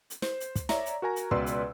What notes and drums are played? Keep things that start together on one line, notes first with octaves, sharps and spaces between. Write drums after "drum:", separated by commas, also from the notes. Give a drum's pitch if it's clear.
drum: hi-hat
C5, drum: snare
drum: hi-hat
drum: kick, hi-hat
C#5 D5 E5 A#5, drum: snare
drum: hi-hat
F#4 A#4 G#5 A#5
drum: hi-hat
C#2 B2 B4 D5 C6 E6, drum: kick
drum: hi-hat